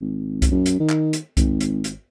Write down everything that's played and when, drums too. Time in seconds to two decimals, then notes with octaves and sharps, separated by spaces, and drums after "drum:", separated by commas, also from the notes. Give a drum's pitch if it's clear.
0.01 G#1
0.42 drum: kick C2, hi-hat
0.51 F#2
0.66 drum: hi-hat
0.80 D#3
0.89 drum: clap
1.13 drum: hi-hat
1.37 G#1, drum: kick C2, hi-hat
1.61 drum: hi-hat
1.84 drum: hi-hat